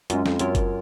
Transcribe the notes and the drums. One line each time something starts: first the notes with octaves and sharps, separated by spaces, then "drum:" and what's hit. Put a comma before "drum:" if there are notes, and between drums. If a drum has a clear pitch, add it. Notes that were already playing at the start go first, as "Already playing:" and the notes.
F#2 G#3 C#4 F4, drum: hi-hat
F2, drum: snare
F#2 C4 F4 A#4 C#5, drum: hi-hat
drum: kick F#1, hi-hat